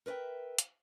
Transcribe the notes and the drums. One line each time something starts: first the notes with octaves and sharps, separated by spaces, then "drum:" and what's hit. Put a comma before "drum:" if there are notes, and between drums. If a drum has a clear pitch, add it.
A#4 B4 D5 E5 G5
drum: hi-hat